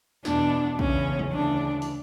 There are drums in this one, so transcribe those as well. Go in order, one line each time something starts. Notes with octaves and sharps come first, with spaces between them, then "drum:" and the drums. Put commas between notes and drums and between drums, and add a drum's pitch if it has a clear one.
E2 B2 D4, drum: snare
E2 C#3 E3 C#4, drum: kick
drum: tom
D2 C#3 E3 D4
drum: open hi-hat